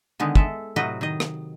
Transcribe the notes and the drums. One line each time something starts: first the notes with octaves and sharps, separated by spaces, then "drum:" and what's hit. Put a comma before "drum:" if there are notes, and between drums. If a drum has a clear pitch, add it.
D3 D#3 G#3 B3
G#3 A4 E5, drum: kick
A2 C3 F#3 F#4 B4 D#5
D#3 D#5
drum: rim click